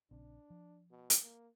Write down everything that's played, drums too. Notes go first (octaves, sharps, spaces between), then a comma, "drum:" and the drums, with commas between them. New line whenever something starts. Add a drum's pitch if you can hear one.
A#1 C#3 C4 D4
F3
B2
drum: hi-hat
A#3